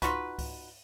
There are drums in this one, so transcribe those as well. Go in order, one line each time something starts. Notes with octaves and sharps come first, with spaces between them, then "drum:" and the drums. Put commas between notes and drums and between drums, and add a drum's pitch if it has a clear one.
D#4 F4 F#4 B4, drum: kick C#2, hi-hat
drum: kick C#2, open hi-hat